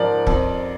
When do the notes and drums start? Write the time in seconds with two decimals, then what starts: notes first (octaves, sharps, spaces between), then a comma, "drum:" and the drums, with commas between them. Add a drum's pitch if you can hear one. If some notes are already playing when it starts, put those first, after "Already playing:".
Already playing: G#2 F3 A#4 D5
0.27 F2, drum: kick